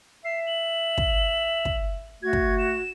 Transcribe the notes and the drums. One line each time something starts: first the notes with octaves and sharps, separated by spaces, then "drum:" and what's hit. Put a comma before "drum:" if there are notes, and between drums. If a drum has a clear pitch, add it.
E5 C7
F#7
drum: kick
drum: kick
A3 F#4 G#6
drum: kick
E7